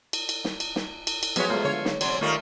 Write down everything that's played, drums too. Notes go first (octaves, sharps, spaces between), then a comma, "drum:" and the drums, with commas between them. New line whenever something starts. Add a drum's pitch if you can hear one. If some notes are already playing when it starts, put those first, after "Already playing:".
drum: cymbal
drum: cymbal
drum: snare
drum: cymbal
drum: snare
drum: cymbal
drum: cymbal
F3 F#3 G#3 B3 G4 C#5 E5, drum: cymbal
A2 G#3 A3 F4 F5
D3 C#5
drum: snare
C3 F#3 D5 C6, drum: cymbal
D#3 G3 A3 F4 A#4 D#5 C#6